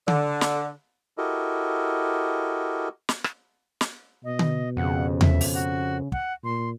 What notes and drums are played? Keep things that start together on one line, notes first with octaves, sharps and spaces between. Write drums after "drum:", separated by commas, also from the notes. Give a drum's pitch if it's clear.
D3, drum: tom D3
drum: snare
E4 F#4 G4 A4 A#4 D#5
drum: snare
drum: rim click
drum: snare
B2 D#5
drum: tom D3
F2 C#3 F#5
E5, drum: tom E2
drum: open hi-hat
F#4
F#5, drum: kick
A#2 C6